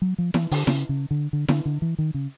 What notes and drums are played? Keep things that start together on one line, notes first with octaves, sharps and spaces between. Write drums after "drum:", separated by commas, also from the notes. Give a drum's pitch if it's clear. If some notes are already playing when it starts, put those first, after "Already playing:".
F#3
F3
E3, drum: snare E4
D3, drum: open hi-hat
C#3, drum: snare E4
C#3
D3
D3
D3, drum: snare E4
D3
E3
D#3
C#3